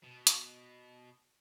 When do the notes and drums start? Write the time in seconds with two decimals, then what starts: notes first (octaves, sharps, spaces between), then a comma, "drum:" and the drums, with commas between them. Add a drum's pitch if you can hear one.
0.03 B2
0.27 drum: hi-hat